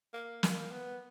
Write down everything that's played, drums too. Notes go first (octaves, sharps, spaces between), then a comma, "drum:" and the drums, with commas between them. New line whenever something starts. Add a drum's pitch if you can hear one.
A#3
A#3, drum: snare
B3